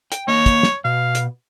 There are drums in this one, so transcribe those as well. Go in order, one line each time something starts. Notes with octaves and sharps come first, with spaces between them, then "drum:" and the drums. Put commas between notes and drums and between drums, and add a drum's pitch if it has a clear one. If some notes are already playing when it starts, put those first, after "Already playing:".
G5, drum: hi-hat
A#3 C#5 D#5
drum: kick, hi-hat
drum: snare
B2 F5
drum: hi-hat